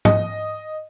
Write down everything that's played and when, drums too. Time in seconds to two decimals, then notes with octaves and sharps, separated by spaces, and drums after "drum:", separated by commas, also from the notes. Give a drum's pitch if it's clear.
0.05 D#5, drum: tom G#2